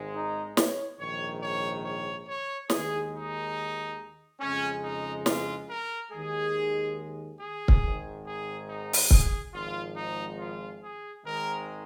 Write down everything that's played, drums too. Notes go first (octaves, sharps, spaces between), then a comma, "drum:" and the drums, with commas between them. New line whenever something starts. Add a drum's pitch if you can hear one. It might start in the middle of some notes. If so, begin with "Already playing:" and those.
Already playing: G#1 G#2 G#3
D#4
C#5, drum: snare
A#1 G#2 D#3 C#5
C#5
C#5
C#5
D#2 D#3 G#3 G#4, drum: snare
D#4
F2 C#3 G#3 C#4
D#4
F4, drum: snare
A#4
D#2 D#3 G#3 G#4
G#4
drum: kick C#1
G#1 G#2 D#3
G#4
D#4
drum: open hi-hat
G#4, drum: kick C#1
G#1 G#2 F3 F4
D#4
F4
G#4
G#1 G#2 D#3 G#3 A#4